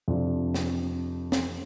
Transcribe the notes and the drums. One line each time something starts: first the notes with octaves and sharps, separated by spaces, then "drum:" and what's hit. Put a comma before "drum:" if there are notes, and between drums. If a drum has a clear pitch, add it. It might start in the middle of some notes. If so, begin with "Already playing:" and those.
F2 C3 F3 D4
drum: snare
drum: snare